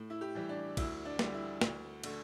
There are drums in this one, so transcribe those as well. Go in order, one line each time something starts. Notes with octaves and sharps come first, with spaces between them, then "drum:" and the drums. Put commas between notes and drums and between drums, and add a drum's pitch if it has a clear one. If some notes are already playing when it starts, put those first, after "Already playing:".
Already playing: A2
E4
G4
E3 G3
D4
D2 E4, drum: kick, cymbal
D4
D3 G3, drum: snare
E4
D2, drum: snare
D3 A3, drum: cymbal